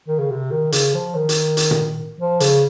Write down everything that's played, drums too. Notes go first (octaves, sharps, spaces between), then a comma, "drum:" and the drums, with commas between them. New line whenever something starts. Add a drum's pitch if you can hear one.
D#3
C#3
C3
D#3
C#3, drum: hi-hat
F3
D#3
drum: hi-hat
drum: hi-hat
drum: tom A#2
F3
C#3, drum: hi-hat